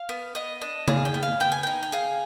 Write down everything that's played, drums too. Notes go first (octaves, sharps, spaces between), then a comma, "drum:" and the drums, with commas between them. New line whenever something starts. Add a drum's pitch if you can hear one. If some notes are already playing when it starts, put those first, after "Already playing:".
Already playing: F5
B3
B3 D#5
D4 D#5
G#4 F5, drum: tom C#3
G5
B3
F5
B3 G5
G#5
D#4 G5
G5
G#4 F5